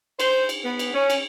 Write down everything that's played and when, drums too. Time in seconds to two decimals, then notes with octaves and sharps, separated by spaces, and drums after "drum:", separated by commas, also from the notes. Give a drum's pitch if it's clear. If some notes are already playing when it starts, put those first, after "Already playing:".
0.20 C5, drum: cymbal
0.49 drum: cymbal
0.64 B3
0.79 drum: cymbal
0.94 C#4
1.10 drum: cymbal